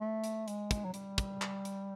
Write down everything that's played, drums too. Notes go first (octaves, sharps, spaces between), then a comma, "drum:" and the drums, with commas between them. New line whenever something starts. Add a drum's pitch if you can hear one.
A3
drum: hi-hat
G#3, drum: hi-hat
drum: kick, hi-hat
F#3
G3, drum: hi-hat
drum: kick, hi-hat
drum: clap
drum: hi-hat